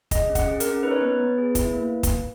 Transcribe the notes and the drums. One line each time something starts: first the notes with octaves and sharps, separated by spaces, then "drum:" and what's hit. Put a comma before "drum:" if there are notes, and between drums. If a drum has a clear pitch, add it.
G#4 D#5, drum: kick, hi-hat
C#4
F#5, drum: kick, hi-hat
G#4
A#4, drum: hi-hat
C#4
D#4 B4
C#5
B3 B4
B3
G#4
E4, drum: kick, hi-hat
A#3
drum: kick, hi-hat